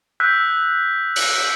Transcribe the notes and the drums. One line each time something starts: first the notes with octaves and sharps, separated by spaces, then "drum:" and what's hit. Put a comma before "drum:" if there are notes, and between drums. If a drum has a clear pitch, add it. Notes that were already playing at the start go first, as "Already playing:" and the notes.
E6 F#6 G6 B6
drum: open hi-hat